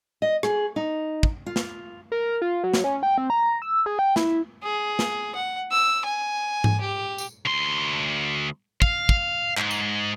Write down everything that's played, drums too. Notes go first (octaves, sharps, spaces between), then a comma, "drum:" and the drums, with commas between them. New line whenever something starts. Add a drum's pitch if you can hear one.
D#5
G#4, drum: rim click
D#4
drum: kick
F4
drum: snare
A#4
F4
F#3
drum: snare
C#4
G5
C4
A#5
E6
G#4
G5
E4, drum: snare
G#4
drum: snare
F#5
E6
G#5
drum: tom G#2
G4
drum: tambourine
D2 C6
F5, drum: kick
drum: kick
G#2, drum: clap
drum: tambourine